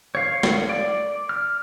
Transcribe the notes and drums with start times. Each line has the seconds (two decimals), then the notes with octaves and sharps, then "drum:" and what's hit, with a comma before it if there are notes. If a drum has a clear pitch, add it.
0.15 C#5 F5
0.43 drum: snare
0.69 D5
1.29 F6